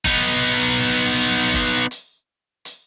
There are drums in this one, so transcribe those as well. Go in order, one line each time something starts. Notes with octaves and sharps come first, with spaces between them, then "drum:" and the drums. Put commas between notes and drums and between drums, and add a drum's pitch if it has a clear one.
B3 D#4, drum: kick, hi-hat
drum: hi-hat
drum: hi-hat
drum: kick, hi-hat
drum: hi-hat
drum: hi-hat